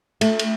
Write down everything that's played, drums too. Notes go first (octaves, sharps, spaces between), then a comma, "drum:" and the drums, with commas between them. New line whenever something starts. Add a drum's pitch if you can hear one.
A3, drum: cymbal
drum: cymbal